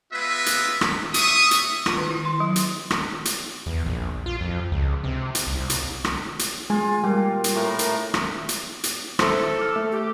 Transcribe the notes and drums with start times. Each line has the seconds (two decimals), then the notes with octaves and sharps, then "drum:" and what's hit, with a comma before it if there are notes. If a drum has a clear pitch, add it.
0.12 G#3 B3 F4 B4 E5
0.46 drum: hi-hat
0.81 drum: rim click
1.14 E5 C#6 D#6, drum: hi-hat
1.51 drum: hi-hat
1.86 F4, drum: rim click
1.97 D#3
2.11 E4
2.25 C6
2.40 F#3
2.56 drum: hi-hat
2.91 drum: rim click
3.25 drum: hi-hat
3.66 E2
3.86 A#1
4.26 F4
4.41 F2
4.72 C#2
5.04 C3
5.35 drum: hi-hat
5.47 C2
5.70 drum: hi-hat
6.04 drum: rim click
6.39 drum: hi-hat
6.70 G#3 F4
7.04 A#2 G3
7.44 drum: hi-hat
7.55 A2 A#4
7.79 drum: hi-hat
8.14 drum: rim click
8.49 drum: hi-hat
8.84 drum: hi-hat
9.19 E4 A4 C5, drum: rim click
9.59 D6 F6
9.76 A3
9.92 G4